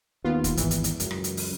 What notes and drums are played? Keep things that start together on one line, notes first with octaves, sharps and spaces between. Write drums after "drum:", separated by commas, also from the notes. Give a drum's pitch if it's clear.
D#2 B3 F4
drum: kick, hi-hat
G#1 E2 E3, drum: hi-hat
drum: hi-hat
drum: hi-hat
C#2 F#2, drum: hi-hat
drum: rim click
drum: hi-hat
drum: open hi-hat